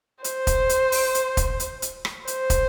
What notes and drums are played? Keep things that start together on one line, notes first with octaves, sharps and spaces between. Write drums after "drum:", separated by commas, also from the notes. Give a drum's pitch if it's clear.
C5, drum: hi-hat
drum: kick, hi-hat
drum: hi-hat
drum: open hi-hat
drum: hi-hat
drum: kick, hi-hat
drum: hi-hat
drum: hi-hat
drum: rim click
C5, drum: hi-hat
drum: kick, hi-hat